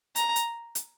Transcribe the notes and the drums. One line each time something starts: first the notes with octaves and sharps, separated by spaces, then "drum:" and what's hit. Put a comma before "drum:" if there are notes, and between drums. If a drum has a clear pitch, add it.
A#5, drum: hi-hat
drum: hi-hat
drum: hi-hat